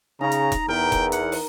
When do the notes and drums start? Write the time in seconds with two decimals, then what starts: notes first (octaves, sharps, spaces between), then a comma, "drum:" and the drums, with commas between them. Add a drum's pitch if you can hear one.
0.21 C#3 D#4 A#5
0.32 drum: hi-hat
0.52 drum: kick E1, hi-hat
0.68 E2 A#4 G5 B5
0.92 drum: kick E1, hi-hat
1.12 F#5, drum: hi-hat
1.32 drum: open hi-hat